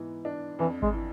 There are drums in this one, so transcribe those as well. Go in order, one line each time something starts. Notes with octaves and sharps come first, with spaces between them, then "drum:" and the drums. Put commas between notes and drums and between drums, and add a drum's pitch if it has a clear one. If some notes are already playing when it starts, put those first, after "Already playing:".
Already playing: G#2 E3 B3
D4
F2 E3
G#3, drum: kick G#1
E3